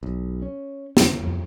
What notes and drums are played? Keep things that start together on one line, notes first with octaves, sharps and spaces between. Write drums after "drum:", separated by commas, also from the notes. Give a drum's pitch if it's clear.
B1
C#4
D2, drum: snare
F2